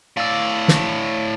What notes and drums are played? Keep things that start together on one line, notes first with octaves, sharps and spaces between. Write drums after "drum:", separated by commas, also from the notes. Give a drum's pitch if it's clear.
A2 D5 F5 E6
drum: snare